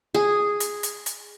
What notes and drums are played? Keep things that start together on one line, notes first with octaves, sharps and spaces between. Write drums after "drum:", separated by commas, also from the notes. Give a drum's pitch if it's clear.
G#4
drum: hi-hat
drum: hi-hat
drum: hi-hat